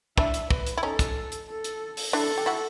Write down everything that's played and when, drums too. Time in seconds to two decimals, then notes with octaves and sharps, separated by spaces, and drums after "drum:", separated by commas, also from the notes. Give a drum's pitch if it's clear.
0.18 D4 E4 E5, drum: kick
0.34 drum: hi-hat
0.50 B4, drum: kick
0.67 drum: hi-hat
0.77 E4
0.83 C#4 D#4 A4
0.99 drum: kick, hi-hat
1.32 drum: hi-hat
1.49 A4
1.64 drum: hi-hat
1.97 drum: open hi-hat
2.13 D4 E4 A4
2.38 G4
2.46 E4 F#4